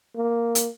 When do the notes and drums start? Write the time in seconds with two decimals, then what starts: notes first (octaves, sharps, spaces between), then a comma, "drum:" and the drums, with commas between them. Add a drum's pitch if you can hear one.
0.16 A#3
0.55 drum: hi-hat